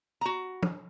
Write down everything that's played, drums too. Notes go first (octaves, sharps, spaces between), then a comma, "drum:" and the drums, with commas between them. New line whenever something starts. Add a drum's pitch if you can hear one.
F#4 A#5
drum: tom